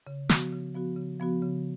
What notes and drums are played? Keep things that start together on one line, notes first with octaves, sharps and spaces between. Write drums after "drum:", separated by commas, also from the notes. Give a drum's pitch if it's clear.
C#3
F3 B3 F#4, drum: snare
C#3
F3 B3 F#4
C#3
F3 B3 F#4
C#3